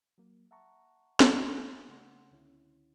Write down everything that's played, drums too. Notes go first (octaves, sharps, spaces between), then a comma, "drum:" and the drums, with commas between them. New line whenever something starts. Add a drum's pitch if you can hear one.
F#3 A#3
E5 F#5 A5 A#5 C#6
drum: snare
C#3 A3 C#4 F#5 C6
C#2 D3 C#4 E4